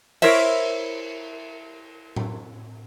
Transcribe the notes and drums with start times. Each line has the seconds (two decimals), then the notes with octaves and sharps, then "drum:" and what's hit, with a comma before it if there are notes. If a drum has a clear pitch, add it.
0.22 E4 A#4 C5 C#5 E5, drum: cymbal
2.16 drum: tom A2